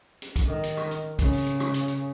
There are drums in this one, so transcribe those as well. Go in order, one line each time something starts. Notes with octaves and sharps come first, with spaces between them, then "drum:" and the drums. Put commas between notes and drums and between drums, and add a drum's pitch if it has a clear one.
drum: hi-hat
drum: kick, hi-hat
D#3
drum: hi-hat
drum: rim click
drum: hi-hat
C#3, drum: kick, hi-hat
drum: open hi-hat
drum: hi-hat
drum: rim click
drum: hi-hat
drum: hi-hat